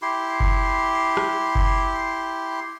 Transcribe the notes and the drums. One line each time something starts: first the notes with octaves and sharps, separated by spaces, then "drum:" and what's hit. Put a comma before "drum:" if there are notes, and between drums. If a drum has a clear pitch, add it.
E4 G4 C6
drum: kick F#1
drum: rim click
drum: kick F#1